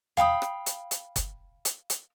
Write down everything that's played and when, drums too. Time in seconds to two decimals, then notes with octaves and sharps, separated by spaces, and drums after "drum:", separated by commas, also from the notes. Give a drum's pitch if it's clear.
0.17 F5 G5 B5 D#6, drum: tom E2
0.42 drum: rim click
0.66 drum: hi-hat
0.91 drum: hi-hat
1.16 drum: kick F#1, hi-hat
1.65 drum: hi-hat
1.90 drum: hi-hat